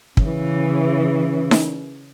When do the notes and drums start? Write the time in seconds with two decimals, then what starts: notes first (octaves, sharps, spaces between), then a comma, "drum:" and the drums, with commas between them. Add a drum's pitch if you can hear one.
0.17 C#3 E3, drum: kick
1.51 drum: snare D#4